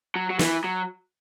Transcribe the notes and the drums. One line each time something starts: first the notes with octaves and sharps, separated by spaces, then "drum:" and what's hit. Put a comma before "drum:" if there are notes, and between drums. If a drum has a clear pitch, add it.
F#3
F#3
E3, drum: snare
F#3